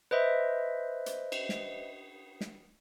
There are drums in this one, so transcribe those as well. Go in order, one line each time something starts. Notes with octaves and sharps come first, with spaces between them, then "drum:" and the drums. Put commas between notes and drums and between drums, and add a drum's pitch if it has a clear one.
B4 C5 D#5 E5
drum: hi-hat
drum: cymbal
drum: snare
drum: snare